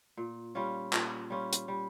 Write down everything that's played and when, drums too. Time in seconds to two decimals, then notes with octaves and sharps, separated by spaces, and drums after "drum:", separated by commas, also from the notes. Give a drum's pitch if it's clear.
0.17 A#2
0.55 G3 C#4 F4
0.93 A#2, drum: clap
1.30 G3 C#4 F4
1.53 drum: hi-hat
1.68 G3